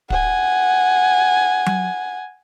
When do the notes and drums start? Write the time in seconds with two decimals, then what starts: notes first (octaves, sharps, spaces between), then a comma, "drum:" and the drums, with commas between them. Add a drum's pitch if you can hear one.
0.10 F#5 G#5, drum: kick
1.66 drum: tom F#3